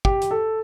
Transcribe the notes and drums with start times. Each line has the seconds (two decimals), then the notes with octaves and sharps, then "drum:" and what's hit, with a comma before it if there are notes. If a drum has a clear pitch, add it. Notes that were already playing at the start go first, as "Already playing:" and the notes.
0.05 G4, drum: kick
0.22 drum: hi-hat
0.31 A4